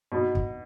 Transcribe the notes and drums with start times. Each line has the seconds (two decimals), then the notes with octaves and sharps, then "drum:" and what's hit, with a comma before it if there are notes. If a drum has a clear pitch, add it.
0.12 B2
0.35 drum: kick